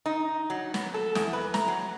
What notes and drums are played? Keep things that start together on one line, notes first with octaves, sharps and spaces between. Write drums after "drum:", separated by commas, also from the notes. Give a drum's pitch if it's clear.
D#4
F#3
B3, drum: snare
A4
E2, drum: snare
B4
A#5, drum: snare
F#3